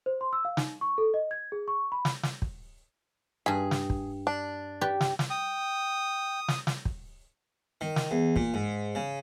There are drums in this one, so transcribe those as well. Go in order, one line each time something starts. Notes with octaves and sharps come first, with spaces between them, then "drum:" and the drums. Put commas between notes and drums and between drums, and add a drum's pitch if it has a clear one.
C5
C6
E6
F5
D#4, drum: snare
C#6
A4
D#5
G#6
G#4
C#6
B5
drum: snare
drum: snare
drum: kick
G2 G#4 B5
drum: snare
drum: kick
D4
G4 B4 D5
drum: snare
drum: snare
G5 D#6
drum: snare
drum: snare
drum: kick
D#3
drum: snare
E2
A#2, drum: kick
G#2
C#3